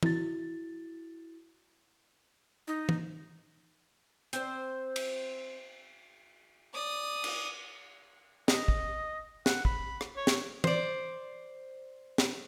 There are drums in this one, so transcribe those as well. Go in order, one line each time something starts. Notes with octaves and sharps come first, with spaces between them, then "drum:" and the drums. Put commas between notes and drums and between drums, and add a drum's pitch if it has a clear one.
E4 F#4 A6, drum: tom
D#4
drum: tom
C4 C5, drum: hi-hat
drum: cymbal
D5 D#6
drum: cymbal
D#5, drum: snare
drum: kick
F#5, drum: snare
B5, drum: kick
drum: rim click
C#5
drum: snare
C5 D5, drum: tom
drum: snare